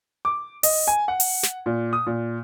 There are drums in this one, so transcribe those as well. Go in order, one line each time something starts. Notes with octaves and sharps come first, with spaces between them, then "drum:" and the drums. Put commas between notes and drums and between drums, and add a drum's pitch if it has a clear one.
D6
D#5, drum: open hi-hat
G#5
F#5
drum: open hi-hat
drum: snare
A#2
D#6
A#2